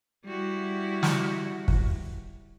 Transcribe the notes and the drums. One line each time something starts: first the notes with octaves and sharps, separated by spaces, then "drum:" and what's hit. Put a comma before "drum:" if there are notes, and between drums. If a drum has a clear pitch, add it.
G3 E4 F#4
drum: snare
drum: kick